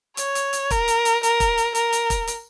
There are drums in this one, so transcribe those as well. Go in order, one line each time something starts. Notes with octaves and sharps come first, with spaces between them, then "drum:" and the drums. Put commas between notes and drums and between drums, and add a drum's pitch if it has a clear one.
C#5, drum: hi-hat
drum: hi-hat
drum: hi-hat
A#4, drum: kick, hi-hat
drum: hi-hat
drum: hi-hat
A#4, drum: hi-hat
drum: kick, hi-hat
drum: hi-hat
A#4, drum: hi-hat
drum: hi-hat
drum: kick, hi-hat
drum: hi-hat